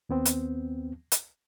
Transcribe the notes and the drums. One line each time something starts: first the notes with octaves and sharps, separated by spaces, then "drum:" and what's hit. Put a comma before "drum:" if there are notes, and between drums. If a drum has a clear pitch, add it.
D#2 B3 C4
drum: hi-hat
drum: hi-hat